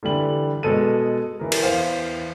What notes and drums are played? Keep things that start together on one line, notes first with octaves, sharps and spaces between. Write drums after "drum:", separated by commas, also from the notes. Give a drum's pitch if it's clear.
D3 E3 G3 F#7
B2 G#3 A4 D#7
E3 A#4
drum: cymbal
E2 C5 F5